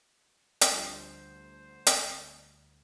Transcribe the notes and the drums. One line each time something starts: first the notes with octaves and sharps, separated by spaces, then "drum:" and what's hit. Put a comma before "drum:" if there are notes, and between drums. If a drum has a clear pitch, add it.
drum: hi-hat
D2 F3 G3 D4 C5
drum: hi-hat